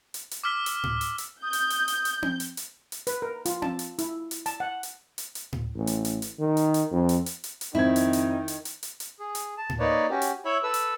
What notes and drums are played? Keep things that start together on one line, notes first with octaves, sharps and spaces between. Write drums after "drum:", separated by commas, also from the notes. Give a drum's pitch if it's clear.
drum: hi-hat
drum: hi-hat
D6 E6 F6 B6
drum: hi-hat
drum: tom A2
drum: hi-hat
drum: hi-hat
D#6 G6
drum: hi-hat
drum: hi-hat
drum: hi-hat
drum: hi-hat
drum: tom C4
drum: hi-hat
drum: hi-hat
drum: hi-hat
B4, drum: hi-hat
A#4
F4, drum: hi-hat
A5, drum: tom C4
drum: hi-hat
E4, drum: hi-hat
drum: hi-hat
A5, drum: hi-hat
F#5
drum: hi-hat
drum: hi-hat
drum: hi-hat
drum: tom A2
A1
drum: hi-hat
drum: hi-hat
drum: hi-hat
D#3
drum: hi-hat
drum: hi-hat
F2
drum: hi-hat
drum: hi-hat
drum: hi-hat
drum: hi-hat
F2 D#3 C4 E4 G#6
drum: hi-hat
drum: hi-hat
drum: hi-hat
drum: hi-hat
drum: hi-hat
drum: hi-hat
G#4
drum: hi-hat
A5
drum: tom A2
A#3 D#4 B4 C#5 D5
C#4 F#4 G4
drum: hi-hat
E4 C#5 E5 B5
A4 B4 E6
drum: hi-hat